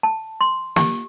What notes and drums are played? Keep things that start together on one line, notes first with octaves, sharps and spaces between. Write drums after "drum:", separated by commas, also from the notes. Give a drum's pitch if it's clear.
A5
C6
G4, drum: snare